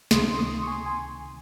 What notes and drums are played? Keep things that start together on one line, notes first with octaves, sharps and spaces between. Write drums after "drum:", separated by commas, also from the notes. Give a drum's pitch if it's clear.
C#2 C3 D#3 C6 D#6, drum: snare
C6 D#6
C#6
G#5 C6
G#5